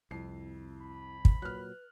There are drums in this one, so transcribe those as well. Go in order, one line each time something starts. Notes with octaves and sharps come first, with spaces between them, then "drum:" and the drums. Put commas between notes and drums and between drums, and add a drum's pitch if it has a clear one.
C2 F2 E4 C7
B5
drum: kick
A#2 F#3 B4 F6 F#6